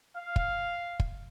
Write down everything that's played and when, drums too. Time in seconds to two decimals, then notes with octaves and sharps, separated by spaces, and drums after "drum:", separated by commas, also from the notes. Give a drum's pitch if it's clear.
0.15 F5
0.36 drum: kick
1.00 drum: kick